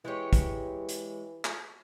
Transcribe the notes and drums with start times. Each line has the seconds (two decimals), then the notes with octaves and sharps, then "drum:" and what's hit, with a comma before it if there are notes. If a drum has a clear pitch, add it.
0.05 E3 G#3 G4 C#5
0.33 drum: kick, hi-hat
0.89 drum: hi-hat
1.45 drum: clap